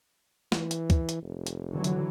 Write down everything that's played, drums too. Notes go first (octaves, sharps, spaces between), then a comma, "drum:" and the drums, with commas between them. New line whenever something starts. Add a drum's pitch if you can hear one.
E3, drum: snare
drum: hi-hat
drum: kick, hi-hat
drum: hi-hat
F1
drum: hi-hat
D3 E3 F#3
drum: hi-hat